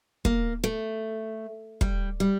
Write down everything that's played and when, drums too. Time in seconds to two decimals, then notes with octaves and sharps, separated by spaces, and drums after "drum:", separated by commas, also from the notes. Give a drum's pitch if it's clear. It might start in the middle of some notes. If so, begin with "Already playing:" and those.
0.25 A#3, drum: kick
0.64 A3
1.81 G3, drum: kick
2.20 G3